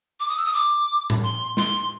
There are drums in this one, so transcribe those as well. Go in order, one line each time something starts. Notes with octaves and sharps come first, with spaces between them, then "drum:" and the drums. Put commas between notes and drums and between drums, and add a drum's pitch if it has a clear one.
D6
D#6
E6
D#6
D6
drum: tom A2
C6
C6, drum: snare